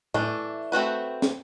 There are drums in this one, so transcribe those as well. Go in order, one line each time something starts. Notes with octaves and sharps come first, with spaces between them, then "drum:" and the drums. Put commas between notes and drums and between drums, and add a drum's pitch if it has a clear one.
E3 A3 D4, drum: tom
A3 C4 F#4 B4
drum: snare